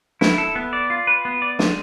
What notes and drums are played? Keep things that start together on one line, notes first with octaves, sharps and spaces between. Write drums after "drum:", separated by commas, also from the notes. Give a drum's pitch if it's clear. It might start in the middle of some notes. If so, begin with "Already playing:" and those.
E4, drum: snare
A4
B3
D5
F4
B4
B3
D5
G#3, drum: snare